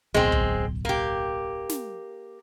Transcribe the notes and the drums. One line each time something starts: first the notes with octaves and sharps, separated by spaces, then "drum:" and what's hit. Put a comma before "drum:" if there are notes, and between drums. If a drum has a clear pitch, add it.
D1 B1 B2 G#3 C4
drum: kick
A#3 G4
drum: snare